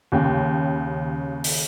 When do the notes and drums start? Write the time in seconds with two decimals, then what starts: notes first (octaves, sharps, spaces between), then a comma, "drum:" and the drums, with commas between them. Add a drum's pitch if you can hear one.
0.12 D#2 C#3 G5
1.44 drum: open hi-hat